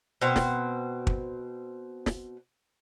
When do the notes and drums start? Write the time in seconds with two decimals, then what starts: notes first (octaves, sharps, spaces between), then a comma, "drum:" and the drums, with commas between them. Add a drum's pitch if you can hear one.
0.21 B2 C4
0.36 drum: snare
1.07 drum: kick
2.06 drum: snare